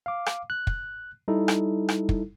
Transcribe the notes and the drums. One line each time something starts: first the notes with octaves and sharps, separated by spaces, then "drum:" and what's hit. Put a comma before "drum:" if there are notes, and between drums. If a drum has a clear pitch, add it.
F5 D6
drum: rim click
F#6
drum: kick
G3 D#4 E4 A4
drum: rim click
drum: rim click
drum: kick